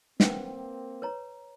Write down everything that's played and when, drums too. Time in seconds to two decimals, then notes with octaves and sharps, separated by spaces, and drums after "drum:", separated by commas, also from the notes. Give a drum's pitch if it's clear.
0.20 A#3 C4 B4 F#5 G5, drum: snare
1.02 B4 C#5 A#5